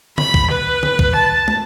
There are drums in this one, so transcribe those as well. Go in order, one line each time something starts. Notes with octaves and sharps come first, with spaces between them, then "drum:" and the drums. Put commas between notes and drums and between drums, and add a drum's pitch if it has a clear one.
B5, drum: tom C#3
drum: kick
B4
drum: tom C#3
drum: kick
A5
drum: tom